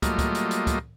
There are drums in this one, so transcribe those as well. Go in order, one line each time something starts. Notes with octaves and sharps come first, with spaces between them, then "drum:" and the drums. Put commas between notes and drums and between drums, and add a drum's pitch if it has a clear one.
F#3 G3 A3 A#3 F4 D#5, drum: kick, hi-hat
drum: kick, hi-hat
drum: hi-hat
drum: hi-hat
drum: kick, hi-hat